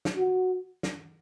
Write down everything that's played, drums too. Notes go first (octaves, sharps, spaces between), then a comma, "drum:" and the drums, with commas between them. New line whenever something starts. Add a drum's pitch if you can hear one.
drum: snare
F#4
drum: snare